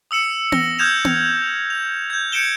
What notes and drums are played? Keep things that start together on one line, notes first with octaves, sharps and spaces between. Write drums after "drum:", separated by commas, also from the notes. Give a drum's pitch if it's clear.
D#6 E6 C#7 E7
A#6 G7, drum: tom B3
D#6 F6 G6 G#6 E7 F7
drum: tom B3
F7
G6 G#6
G6 C#7 D7 E7 G7